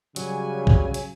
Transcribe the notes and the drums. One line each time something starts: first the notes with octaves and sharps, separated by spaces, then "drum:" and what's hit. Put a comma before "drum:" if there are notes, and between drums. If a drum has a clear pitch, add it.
C#3 F#3 G3 G#5, drum: hi-hat
drum: kick A#1
drum: hi-hat